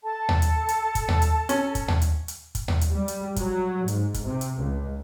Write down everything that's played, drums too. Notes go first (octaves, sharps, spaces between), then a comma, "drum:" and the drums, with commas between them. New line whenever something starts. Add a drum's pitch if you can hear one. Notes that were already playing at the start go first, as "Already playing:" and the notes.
A4 A5
drum: tom D#2
drum: hi-hat
drum: hi-hat
drum: kick, hi-hat
drum: tom D#2
drum: hi-hat
C#4, drum: hi-hat
drum: kick, hi-hat
drum: tom D#2
drum: hi-hat
drum: hi-hat
drum: kick, hi-hat
drum: tom D#2
drum: hi-hat
G3
drum: hi-hat
F#3, drum: kick, hi-hat
G#2, drum: hi-hat
drum: kick, hi-hat
C3
drum: hi-hat
C#2